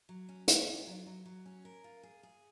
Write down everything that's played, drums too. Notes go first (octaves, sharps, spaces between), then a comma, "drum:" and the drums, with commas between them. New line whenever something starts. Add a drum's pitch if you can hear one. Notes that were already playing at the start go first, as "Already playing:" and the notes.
F#3
C#4
C#4, drum: hi-hat
F4
F#3
F#3
F#3
C#4
A#4
F4
G#4
G#4